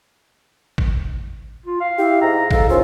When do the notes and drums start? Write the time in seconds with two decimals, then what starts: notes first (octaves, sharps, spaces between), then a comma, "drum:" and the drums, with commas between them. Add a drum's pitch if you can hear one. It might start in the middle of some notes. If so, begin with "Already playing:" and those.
0.78 drum: kick G#1
1.66 F4
1.80 F5
1.99 E4 G4 E5
2.22 G#2 A#5
2.51 A4 F5, drum: kick G#1
2.69 D#2 C#4 F4 C5